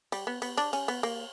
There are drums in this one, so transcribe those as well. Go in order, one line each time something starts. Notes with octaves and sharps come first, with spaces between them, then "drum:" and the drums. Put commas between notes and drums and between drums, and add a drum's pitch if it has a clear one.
G3, drum: cymbal
B3
B3, drum: cymbal
D4, drum: cymbal
C#4, drum: cymbal
B3, drum: cymbal
A#3, drum: cymbal